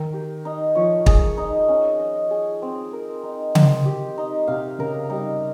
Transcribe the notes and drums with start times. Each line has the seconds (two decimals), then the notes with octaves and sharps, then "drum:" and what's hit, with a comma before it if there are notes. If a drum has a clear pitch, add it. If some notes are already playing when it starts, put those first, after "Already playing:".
Already playing: D#3 A#4
0.14 G4
0.45 D#4
0.75 F3 C#5
1.06 G#4, drum: kick
1.37 D#4
1.68 C#4
2.00 D#5
2.31 G#4
2.62 C4
2.93 A#4
3.23 D#4
3.55 C4, drum: tom C#3
3.85 G4
4.18 D#4
4.48 C3 F5
4.79 C#3 A#4
5.10 G3 D#4